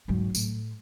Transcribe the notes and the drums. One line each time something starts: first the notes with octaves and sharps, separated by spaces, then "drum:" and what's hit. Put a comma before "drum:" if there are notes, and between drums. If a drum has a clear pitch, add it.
G#2 F#3
A2, drum: tambourine